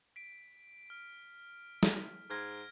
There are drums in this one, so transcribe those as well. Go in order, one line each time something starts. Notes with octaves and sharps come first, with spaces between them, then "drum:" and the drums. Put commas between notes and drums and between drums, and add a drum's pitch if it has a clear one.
B6 D7
F6
drum: snare
G#2 F6 G#6 A#6